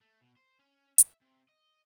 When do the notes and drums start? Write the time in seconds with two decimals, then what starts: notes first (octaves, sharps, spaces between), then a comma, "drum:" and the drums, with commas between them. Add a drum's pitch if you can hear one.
0.01 A3
0.21 B2
0.37 C5
0.59 C#4
0.98 E5, drum: hi-hat
1.22 C3
1.49 D#5